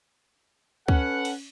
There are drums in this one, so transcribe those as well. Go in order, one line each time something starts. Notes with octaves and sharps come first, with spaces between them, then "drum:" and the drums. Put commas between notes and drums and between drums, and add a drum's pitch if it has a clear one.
C#4 A4 B4 F#5, drum: kick C#2
drum: cymbal